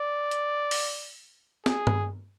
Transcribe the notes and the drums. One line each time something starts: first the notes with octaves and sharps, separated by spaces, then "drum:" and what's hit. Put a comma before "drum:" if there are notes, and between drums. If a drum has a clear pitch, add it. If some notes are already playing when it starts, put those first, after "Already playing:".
Already playing: D5
drum: hi-hat
drum: open hi-hat
G#4, drum: snare
drum: tom G2